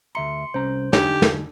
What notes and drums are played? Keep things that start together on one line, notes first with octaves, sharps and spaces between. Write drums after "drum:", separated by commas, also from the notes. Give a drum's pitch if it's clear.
D2 E5 A#5 C6 C#7
C2 C#4 C5 A#5
D3 D4 D#4 G4 G#5, drum: snare
drum: snare